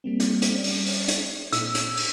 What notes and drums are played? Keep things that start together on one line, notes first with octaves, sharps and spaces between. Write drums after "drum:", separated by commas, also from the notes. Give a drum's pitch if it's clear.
G3 A#3 C4
drum: hi-hat
drum: hi-hat
G3 C#4 D5
drum: open hi-hat
drum: open hi-hat
drum: hi-hat
A#2 E6, drum: hi-hat
drum: hi-hat
drum: open hi-hat